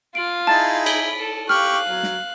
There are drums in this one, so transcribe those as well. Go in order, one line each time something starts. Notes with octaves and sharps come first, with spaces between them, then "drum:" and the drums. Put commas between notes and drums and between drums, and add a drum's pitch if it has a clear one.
F4 F5 D7 F#7
D#4 E4 G#4 A5 A6
B5, drum: cymbal
A4
G4 F5 C#6 F6 F#6
F#3
drum: snare